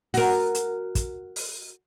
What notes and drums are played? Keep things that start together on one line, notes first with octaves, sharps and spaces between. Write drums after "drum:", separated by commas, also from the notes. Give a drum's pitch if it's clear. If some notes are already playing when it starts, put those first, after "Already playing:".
F#4 A#4, drum: open hi-hat
drum: hi-hat
drum: kick, hi-hat
drum: open hi-hat